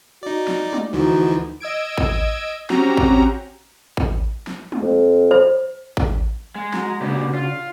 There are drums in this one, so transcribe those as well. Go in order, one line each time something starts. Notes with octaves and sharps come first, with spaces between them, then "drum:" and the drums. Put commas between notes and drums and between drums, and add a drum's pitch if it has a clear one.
D#4 F#4 D5
drum: snare
drum: tom
D2 E3 F3 D#4 F#4
D#5 E6 G#6 D7
drum: kick A1
C4 C#4 F#4 G4 A#5, drum: snare
drum: kick A1
drum: kick A1
drum: snare
drum: tom
F2
C5
drum: kick A1
G#3
F#4 A#5, drum: snare
A#2 C#3 B3 D4 F#4 G4
F4